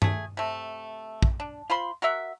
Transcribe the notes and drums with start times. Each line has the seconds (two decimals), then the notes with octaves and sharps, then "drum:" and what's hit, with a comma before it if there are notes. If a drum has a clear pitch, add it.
0.02 A3 G#4, drum: tom G2
0.37 C3 A3
1.22 drum: kick
1.40 D4
1.70 F4 C5 B5 C6
2.02 F#4 A#4 E5 F#5